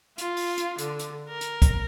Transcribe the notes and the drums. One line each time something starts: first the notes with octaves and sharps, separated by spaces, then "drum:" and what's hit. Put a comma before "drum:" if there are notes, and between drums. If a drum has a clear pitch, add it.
F4, drum: hi-hat
drum: open hi-hat
drum: hi-hat
D3, drum: hi-hat
drum: hi-hat
A#4
drum: hi-hat
drum: kick, hi-hat